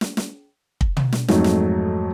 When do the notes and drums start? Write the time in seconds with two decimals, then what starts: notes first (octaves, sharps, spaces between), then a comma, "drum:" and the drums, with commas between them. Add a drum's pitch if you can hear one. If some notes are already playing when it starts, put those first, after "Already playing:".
0.01 drum: snare
0.17 drum: snare
0.81 drum: kick
0.97 drum: tom
1.12 drum: snare
1.28 F2 G#2 F#3 A3 D#4, drum: snare
1.44 drum: snare